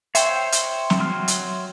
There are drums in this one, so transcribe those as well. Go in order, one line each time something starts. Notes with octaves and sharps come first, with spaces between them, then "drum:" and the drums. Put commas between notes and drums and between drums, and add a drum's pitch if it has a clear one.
C5 C#5 E5 G5, drum: hi-hat
drum: hi-hat
drum: snare
F#3 C6 F6
drum: hi-hat